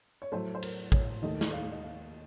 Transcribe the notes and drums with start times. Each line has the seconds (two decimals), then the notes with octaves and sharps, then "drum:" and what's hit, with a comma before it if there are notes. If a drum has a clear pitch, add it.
0.22 C#5
0.32 A2 F#3 A3 C5
0.55 C5
0.62 A#4, drum: cymbal
0.92 C#5, drum: kick A1
1.22 D#2 D#3 A3 D#5
1.41 drum: snare
1.53 F5
1.72 D#5
1.83 F5